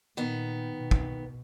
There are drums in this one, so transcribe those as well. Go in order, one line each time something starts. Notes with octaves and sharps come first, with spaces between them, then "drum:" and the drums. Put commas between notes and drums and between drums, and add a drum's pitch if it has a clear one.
A#2 D#3 B3
B2
drum: kick